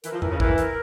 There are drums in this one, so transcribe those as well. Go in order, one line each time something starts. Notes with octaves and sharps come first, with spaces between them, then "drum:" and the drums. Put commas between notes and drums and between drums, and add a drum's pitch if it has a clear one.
E3 A#4, drum: hi-hat
F3
E3 A#4, drum: tom E2
C#3
E3 A#4, drum: kick
A#4, drum: hi-hat